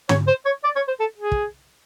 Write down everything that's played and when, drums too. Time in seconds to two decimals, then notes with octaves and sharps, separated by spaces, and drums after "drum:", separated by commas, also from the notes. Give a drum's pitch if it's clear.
0.09 C#5, drum: tom
0.27 C5
0.45 C#5
0.64 D5
0.76 C#5
0.88 C5
1.00 A4
1.18 G#4
1.32 drum: kick